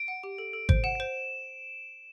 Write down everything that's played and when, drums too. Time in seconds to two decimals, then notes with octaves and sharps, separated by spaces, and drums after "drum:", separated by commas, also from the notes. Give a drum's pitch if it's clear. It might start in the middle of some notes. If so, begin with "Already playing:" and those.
Already playing: D7
0.08 F#5
0.23 G4
0.38 A4
0.53 A4
0.69 C5, drum: kick G#1
0.84 F#5 E7
0.95 C5 D7